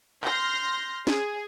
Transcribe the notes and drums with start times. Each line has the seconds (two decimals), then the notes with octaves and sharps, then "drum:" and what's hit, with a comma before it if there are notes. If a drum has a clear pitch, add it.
0.25 C6 F6 G6 A#6, drum: clap
1.07 G#4, drum: snare